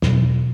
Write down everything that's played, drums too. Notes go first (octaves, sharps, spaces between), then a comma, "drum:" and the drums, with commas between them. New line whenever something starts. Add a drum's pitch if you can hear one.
E2 B2 F#3, drum: snare